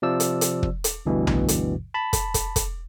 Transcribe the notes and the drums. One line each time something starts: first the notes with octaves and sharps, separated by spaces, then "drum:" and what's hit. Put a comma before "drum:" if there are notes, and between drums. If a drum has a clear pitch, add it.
C3 F3 D5 E6
drum: hi-hat
drum: hi-hat
drum: kick
drum: hi-hat
G1 D2 G2 B2 E3
drum: tom B1
drum: hi-hat
A5 B5
drum: kick, hi-hat
drum: kick, hi-hat
drum: kick, hi-hat